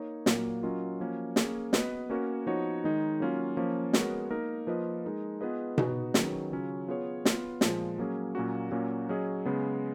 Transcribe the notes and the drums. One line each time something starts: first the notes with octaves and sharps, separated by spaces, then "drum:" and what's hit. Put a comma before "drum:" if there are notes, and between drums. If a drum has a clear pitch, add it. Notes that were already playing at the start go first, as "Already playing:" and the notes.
Already playing: A#3 D#4 A#4 C#5
A#2 F#3 A#3, drum: snare
F#3 C#4 F4 A#4 D#5
F3 A#3 C#4 F#4
A#3 C#4 G#4, drum: snare
B3 F#4 B4 D#5, drum: snare
A#3 C#4 F#4 A#4 C#5
F3 B3 D#4 F#4 C#5
D#3 G#3 D#4 G#4
F#3 A#3 C#4 F4
F3 A#3 C#4
G#3 B3 F#4 A#4 C#5, drum: snare
A#3 D#4 A#4
F3 A#3 F4 B4 D#5
G#3 D#4 A#4
B3 F4 G#4 B4 D#5
B3 D#4 F#4 B4, drum: tom B2
D#3 F#3 C#4 G#4 B4, drum: snare
C#3 F#3 C#4 F4
B3 F4 G#4 C#5
B3 F4 B4, drum: snare
A#2 F3 G#3, drum: snare
F#3 A#3 C#4 G#4
A#2 F#3 A#3 C#4 F#4
A#2 F#3 A#3 C#4 F#4
F#3 C#4 G#4 D#5
C#3 G#3 B3